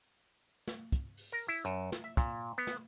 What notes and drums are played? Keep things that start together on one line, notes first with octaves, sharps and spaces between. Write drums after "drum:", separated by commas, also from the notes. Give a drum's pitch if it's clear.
drum: snare
drum: kick, hi-hat
drum: open hi-hat
A#4
E4
F#2, drum: hi-hat
drum: snare
E5
A#2, drum: kick, hi-hat
B3
drum: snare